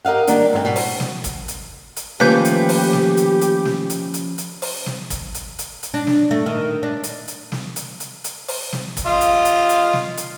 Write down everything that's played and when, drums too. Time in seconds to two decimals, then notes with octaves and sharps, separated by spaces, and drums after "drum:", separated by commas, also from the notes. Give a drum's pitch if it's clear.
0.05 G4 A#4 D#5 F5 F#5
0.27 D#3 G3 A#3 D4 D5, drum: hi-hat
0.53 G#2 C4 E4 A#4 G5
0.65 B2 G3
0.76 drum: open hi-hat
1.00 drum: snare
1.24 drum: kick, hi-hat
1.48 drum: hi-hat
1.96 drum: hi-hat
2.20 D#3 F3 A3 A#3 C#4 G4 B4 G6, drum: snare
2.45 drum: hi-hat
2.69 drum: open hi-hat
2.93 drum: snare
3.17 drum: hi-hat
3.41 drum: hi-hat
3.65 drum: snare
3.90 drum: hi-hat
4.14 drum: hi-hat
4.38 drum: hi-hat
4.62 drum: open hi-hat
4.86 drum: snare
5.10 drum: kick, hi-hat
5.34 drum: hi-hat
5.59 drum: hi-hat
5.83 drum: hi-hat
5.94 D4
6.07 drum: snare
6.31 A3
6.46 D#3
6.83 D4
7.03 drum: hi-hat
7.28 drum: hi-hat
7.52 drum: snare
7.76 drum: hi-hat
8.00 drum: hi-hat
8.24 drum: hi-hat
8.48 drum: open hi-hat
8.73 drum: snare
8.97 drum: kick, hi-hat
9.06 F4 D#5 F5
9.21 drum: hi-hat
9.45 drum: hi-hat
9.69 drum: hi-hat
9.93 drum: snare
10.17 drum: hi-hat